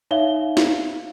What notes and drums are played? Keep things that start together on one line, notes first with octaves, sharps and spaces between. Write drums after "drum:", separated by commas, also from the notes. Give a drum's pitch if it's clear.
D#4 C#5 E5 F5 G7
drum: snare